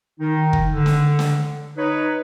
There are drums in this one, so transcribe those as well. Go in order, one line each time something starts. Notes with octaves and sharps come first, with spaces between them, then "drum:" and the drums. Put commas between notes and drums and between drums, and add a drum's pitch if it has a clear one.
D#3 D#4
drum: kick
D3
drum: snare
drum: snare
D#4 B4 C#5